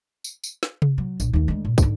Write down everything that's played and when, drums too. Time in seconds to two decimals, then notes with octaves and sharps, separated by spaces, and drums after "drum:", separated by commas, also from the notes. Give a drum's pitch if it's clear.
0.24 drum: tambourine
0.44 drum: tambourine
0.63 drum: snare
0.82 drum: tom C3
0.98 F#3
1.20 A#1, drum: tambourine
1.33 D#2 A3
1.48 D2 G#3
1.65 A#2
1.78 G#2 D3, drum: kick, tambourine